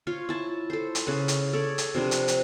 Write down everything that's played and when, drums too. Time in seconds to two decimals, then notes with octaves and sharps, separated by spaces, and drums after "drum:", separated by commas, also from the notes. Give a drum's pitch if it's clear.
0.07 F4 C#5
0.29 E4 A5
0.70 A4 C5
0.95 drum: hi-hat
1.07 C#3 A4 B4
1.28 drum: hi-hat
1.53 A4 C#5 D5
1.78 drum: hi-hat
1.95 C3 F3 D4 B4
2.11 drum: hi-hat
2.28 drum: hi-hat